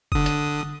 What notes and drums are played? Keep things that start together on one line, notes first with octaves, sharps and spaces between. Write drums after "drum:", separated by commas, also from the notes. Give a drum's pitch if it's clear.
D3 D#6, drum: kick
drum: hi-hat